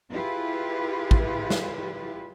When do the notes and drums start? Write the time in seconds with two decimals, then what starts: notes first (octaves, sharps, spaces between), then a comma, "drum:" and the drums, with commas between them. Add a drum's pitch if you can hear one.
0.12 E4 F4 G4 G#4 B4
1.11 drum: kick
1.50 drum: snare